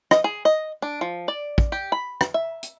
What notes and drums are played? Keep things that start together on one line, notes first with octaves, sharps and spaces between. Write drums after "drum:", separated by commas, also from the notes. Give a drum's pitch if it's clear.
D#5, drum: rim click
G#4
D#5
D4
F3
D5
drum: kick
G4
B5
drum: rim click
E5
drum: hi-hat